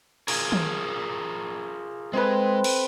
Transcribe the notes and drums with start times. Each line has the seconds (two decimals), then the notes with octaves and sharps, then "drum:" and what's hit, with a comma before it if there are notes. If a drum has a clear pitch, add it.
0.28 F4 G#4 A#4, drum: cymbal
0.52 drum: tom
2.13 G#3 C4 A4 B4
2.64 drum: cymbal